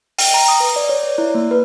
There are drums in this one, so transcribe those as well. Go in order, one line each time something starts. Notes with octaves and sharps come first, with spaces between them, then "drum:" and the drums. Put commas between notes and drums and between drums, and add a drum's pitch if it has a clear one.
G5, drum: open hi-hat
A#5
D#6
B4
D5
C#5
D5
E4
A#3
B4